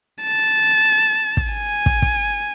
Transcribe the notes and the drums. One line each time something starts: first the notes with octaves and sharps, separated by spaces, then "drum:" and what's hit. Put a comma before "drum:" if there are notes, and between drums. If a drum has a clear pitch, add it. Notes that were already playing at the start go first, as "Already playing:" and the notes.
A5
drum: kick
G#5
drum: kick
drum: kick